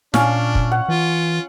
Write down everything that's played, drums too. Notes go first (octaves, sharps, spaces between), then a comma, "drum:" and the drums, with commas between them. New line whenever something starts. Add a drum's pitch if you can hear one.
A#2 C#4 D4 F5, drum: snare
drum: kick
F#5
E3 F4